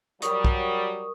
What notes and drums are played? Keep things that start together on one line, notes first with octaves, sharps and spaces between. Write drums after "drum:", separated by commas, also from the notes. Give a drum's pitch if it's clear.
F#3 G3 A#4 C#6 D#6, drum: hi-hat
drum: kick B1